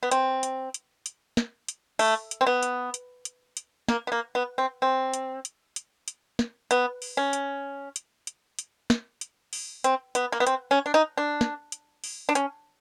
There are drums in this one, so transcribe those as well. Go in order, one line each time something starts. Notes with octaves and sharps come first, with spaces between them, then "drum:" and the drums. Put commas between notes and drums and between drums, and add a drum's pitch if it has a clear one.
B3
C4, drum: hi-hat
drum: hi-hat
drum: hi-hat
drum: hi-hat
drum: snare
drum: hi-hat
A3, drum: open hi-hat
drum: hi-hat
C4
B3
drum: hi-hat
drum: hi-hat
drum: hi-hat
drum: hi-hat
A#3, drum: snare
B3
A#3
B3
C4
C4
drum: hi-hat
drum: hi-hat
drum: hi-hat
drum: hi-hat
drum: snare
B3, drum: hi-hat
drum: open hi-hat
C#4
drum: hi-hat
drum: hi-hat
drum: hi-hat
drum: hi-hat
drum: snare
drum: hi-hat
drum: open hi-hat
C4, drum: hi-hat
B3, drum: hi-hat
A#3
B3
C4, drum: hi-hat
C#4
D4
D#4
D4
drum: snare
drum: hi-hat
drum: open hi-hat
D4
C#4, drum: hi-hat